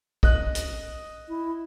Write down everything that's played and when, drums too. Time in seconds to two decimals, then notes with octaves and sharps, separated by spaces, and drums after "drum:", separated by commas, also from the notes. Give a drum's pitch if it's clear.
0.23 D#5 F#6, drum: kick
0.55 drum: hi-hat
1.29 E4